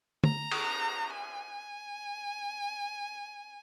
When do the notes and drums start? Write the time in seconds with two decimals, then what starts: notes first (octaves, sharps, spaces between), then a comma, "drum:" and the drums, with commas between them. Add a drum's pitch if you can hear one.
0.24 A#5, drum: tom
0.51 drum: cymbal
1.10 G#5